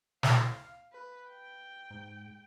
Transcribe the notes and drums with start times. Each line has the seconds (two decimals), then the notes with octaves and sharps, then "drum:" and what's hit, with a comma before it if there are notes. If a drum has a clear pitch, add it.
0.23 F5, drum: snare
0.93 B4
1.29 G5
1.91 G#2